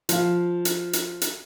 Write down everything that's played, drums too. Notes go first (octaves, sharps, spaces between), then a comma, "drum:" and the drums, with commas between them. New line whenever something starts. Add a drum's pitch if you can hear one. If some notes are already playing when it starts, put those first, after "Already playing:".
F3 F5, drum: hi-hat
drum: hi-hat
drum: hi-hat
drum: hi-hat